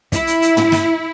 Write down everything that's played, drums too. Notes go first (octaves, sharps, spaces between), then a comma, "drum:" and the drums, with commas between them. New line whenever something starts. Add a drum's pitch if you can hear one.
E4, drum: kick, hi-hat
drum: hi-hat
drum: hi-hat
drum: tom
drum: snare